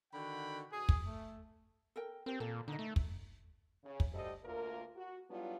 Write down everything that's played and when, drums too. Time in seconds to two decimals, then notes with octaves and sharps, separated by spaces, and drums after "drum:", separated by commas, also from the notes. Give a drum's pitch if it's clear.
0.13 D3 D#3 F#4 G5 B5
0.71 B2 G#4
0.89 drum: kick
1.06 A3
1.96 A4 A#4 G5
2.26 C4 G4 A#4
2.40 A#2 A4
2.68 D3 D#4 D#5
2.79 A3
2.96 drum: kick
3.83 C#3
4.00 drum: kick
4.12 D2 G3 G4 A4 C5 D#5
4.43 D2 A#3 F4 A#4
4.96 F#4
5.29 F#3 G3 B3 D4 E4 F4